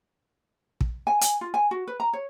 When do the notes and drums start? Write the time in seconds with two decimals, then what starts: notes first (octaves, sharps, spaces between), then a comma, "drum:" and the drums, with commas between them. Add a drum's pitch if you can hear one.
0.81 drum: kick
1.07 G#5
1.21 G#5, drum: hi-hat
1.41 F4
1.54 G#5
1.71 F#4
1.88 B4
2.00 A#5
2.13 C#5